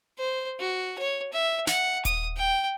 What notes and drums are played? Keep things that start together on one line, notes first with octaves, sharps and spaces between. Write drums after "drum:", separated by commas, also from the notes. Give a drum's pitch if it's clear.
C5
F#4
C#5
E5
F#5, drum: snare
D#6, drum: kick D#1, hi-hat
G5